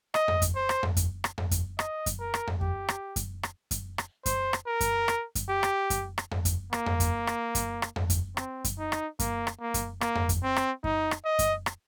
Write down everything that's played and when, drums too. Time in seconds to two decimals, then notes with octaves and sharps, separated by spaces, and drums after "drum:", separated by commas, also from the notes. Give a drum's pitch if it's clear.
0.14 D#5, drum: rim click
0.28 drum: tom F2
0.42 drum: kick F#2, hi-hat
0.56 C5
0.69 drum: rim click
0.83 drum: tom F2
0.97 drum: kick F#2, hi-hat
1.24 drum: rim click
1.38 drum: tom F2
1.51 drum: kick F#2, hi-hat
1.79 D#5, drum: rim click
2.06 drum: kick F#2, hi-hat
2.20 A#4
2.34 drum: rim click
2.47 drum: tom F2
2.61 G4, drum: kick F#2
2.89 drum: rim click
3.16 drum: kick F#2, hi-hat
3.43 drum: rim click
3.71 drum: kick F#2, hi-hat
3.98 drum: rim click
4.26 C5, drum: kick F#2, hi-hat
4.53 drum: rim click
4.67 A#4
4.81 drum: kick F#2, hi-hat
5.08 drum: rim click
5.35 drum: kick F#2, hi-hat
5.49 G4
5.63 drum: rim click
5.90 drum: kick F#2, hi-hat
6.18 drum: rim click
6.31 drum: tom F2
6.45 drum: kick F#2, hi-hat
6.73 A#3, drum: rim click
6.86 drum: tom F2
7.00 drum: kick F#2, hi-hat
7.27 drum: rim click
7.55 drum: kick F#2, hi-hat
7.82 drum: rim click
7.96 drum: tom F2
8.10 drum: kick F#2, hi-hat
8.37 C4, drum: rim click
8.64 drum: kick F#2, hi-hat
8.79 D#4
8.92 drum: rim click
9.19 A#3, drum: kick F#2, hi-hat
9.47 drum: rim click
9.61 A#3
9.74 drum: kick F#2, hi-hat
10.01 A#3, drum: rim click
10.15 drum: tom F2
10.29 drum: kick F#2, hi-hat
10.43 C4
10.56 drum: rim click
10.84 D#4, drum: kick F#2
11.11 drum: rim click
11.25 D#5
11.39 drum: kick F#2, hi-hat
11.66 drum: rim click